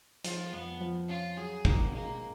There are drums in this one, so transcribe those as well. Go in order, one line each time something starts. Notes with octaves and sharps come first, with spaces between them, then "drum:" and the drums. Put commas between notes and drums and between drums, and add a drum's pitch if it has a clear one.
F3 F4, drum: hi-hat
F2 B3
F3
C#4 F4
F#3 G#4
B2 A#3, drum: kick
G#3 A#3